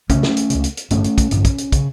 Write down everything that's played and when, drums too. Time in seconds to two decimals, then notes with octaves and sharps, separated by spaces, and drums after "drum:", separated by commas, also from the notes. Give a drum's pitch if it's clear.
0.10 C#2 C#3 A3 C#4, drum: kick, hi-hat
0.23 drum: snare
0.37 drum: hi-hat
0.50 C#2 C#3, drum: hi-hat
0.64 drum: hi-hat
0.77 drum: hi-hat
0.90 A1 G2 D3 A3 C#4, drum: hi-hat
1.04 drum: hi-hat
1.18 drum: kick, hi-hat
1.31 A1 G2 D3, drum: hi-hat
1.45 drum: kick, hi-hat
1.58 drum: hi-hat
1.72 C#3, drum: kick, hi-hat